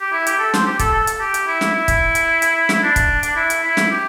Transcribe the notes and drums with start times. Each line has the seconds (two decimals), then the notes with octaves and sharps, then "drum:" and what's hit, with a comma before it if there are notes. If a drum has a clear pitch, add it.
0.01 G4
0.12 E4
0.27 G4, drum: hi-hat
0.39 A4
0.54 C5, drum: snare
0.66 G4
0.79 A4, drum: kick, hi-hat
0.93 A4
1.07 A4, drum: hi-hat
1.20 G4
1.34 drum: hi-hat
1.47 E4
1.61 drum: snare
1.75 E4
1.88 drum: kick, hi-hat
2.15 drum: hi-hat
2.42 drum: hi-hat
2.69 drum: snare
2.83 D4
2.96 drum: kick, hi-hat
3.23 drum: hi-hat
3.36 E4
3.50 drum: hi-hat
3.64 E4
3.77 drum: snare
3.91 G4